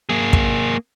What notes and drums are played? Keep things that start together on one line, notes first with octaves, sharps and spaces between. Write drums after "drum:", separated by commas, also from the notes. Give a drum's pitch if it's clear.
A#3 G#4
drum: kick